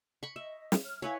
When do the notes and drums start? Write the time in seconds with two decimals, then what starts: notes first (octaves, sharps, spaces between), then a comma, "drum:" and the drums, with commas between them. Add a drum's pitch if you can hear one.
0.23 B5 C#6
0.36 D#5 E5
0.72 drum: snare
0.84 C#5 F6
1.02 E4 B4 C#5 F5 G#5 E6